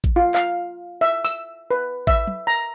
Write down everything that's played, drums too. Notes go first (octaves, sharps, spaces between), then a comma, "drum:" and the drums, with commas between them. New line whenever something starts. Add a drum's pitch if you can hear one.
drum: kick A1
F4
F5, drum: clap
E5
E6
B4
E5, drum: kick A1
drum: tom
A#5